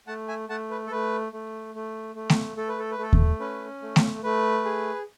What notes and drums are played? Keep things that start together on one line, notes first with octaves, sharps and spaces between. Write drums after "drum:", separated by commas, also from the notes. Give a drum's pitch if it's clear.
A3 F#5 A5
E5 G#5
A3 F#5 A5
B4
A4
A3 B4
A3
A3
A3
drum: snare A3
A3 A4
B4
A4
B4
A3 A4
drum: kick D#2
C#4 B4
A3
drum: snare A3
A3 B4
G#4